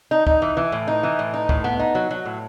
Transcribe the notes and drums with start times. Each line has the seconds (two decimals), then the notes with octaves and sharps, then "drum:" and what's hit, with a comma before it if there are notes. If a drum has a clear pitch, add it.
0.11 D#4
0.27 D#4, drum: kick
0.42 E3
0.57 E3
0.72 A2
0.88 D#4
1.03 E3
1.19 A2
1.34 D#4
1.49 A2, drum: kick
1.64 B3
1.79 D#4
1.95 F#3
2.11 F#3
2.25 A2